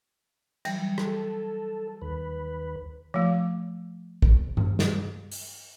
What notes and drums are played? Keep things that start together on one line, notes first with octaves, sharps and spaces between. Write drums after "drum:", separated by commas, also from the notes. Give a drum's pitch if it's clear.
E3 F#3 G3, drum: cymbal
A4, drum: rim click
D#2 B4
F3 A3
drum: kick
drum: tom G2
drum: snare
drum: open hi-hat